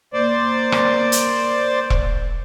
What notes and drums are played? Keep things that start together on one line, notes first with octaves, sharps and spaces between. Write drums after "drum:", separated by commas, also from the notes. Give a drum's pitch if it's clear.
A#3 C5 D5
drum: rim click
drum: hi-hat
drum: kick E1